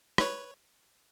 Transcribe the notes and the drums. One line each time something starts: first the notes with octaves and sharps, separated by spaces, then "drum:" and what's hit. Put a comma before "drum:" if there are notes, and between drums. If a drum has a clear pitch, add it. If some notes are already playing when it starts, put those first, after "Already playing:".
B4 C#5, drum: rim click